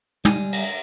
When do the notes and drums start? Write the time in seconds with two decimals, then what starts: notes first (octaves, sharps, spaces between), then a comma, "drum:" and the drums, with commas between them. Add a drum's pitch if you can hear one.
0.25 G3 G#5, drum: tom
0.53 drum: cymbal